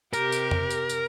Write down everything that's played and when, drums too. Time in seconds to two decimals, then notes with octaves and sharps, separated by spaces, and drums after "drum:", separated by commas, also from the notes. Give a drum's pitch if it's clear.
0.13 C3 G4 A#4, drum: tambourine
0.32 drum: tambourine
0.51 drum: tom F2
0.70 drum: tambourine
0.89 drum: tambourine